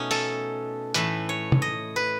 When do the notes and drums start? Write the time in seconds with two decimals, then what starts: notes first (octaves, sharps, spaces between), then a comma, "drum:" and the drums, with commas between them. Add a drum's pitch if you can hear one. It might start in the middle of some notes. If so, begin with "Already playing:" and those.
Already playing: B2 A3 C#4 D#4
0.11 A4, drum: open hi-hat
0.94 A2 E3 A3 B4, drum: hi-hat
1.29 C#5
1.52 drum: tom
1.62 D#5
1.96 B4